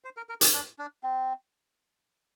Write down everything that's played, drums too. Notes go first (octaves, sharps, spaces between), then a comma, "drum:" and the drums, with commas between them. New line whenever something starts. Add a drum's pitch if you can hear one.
C5
A#4
A#4
G#4, drum: hi-hat
D4
D4
C4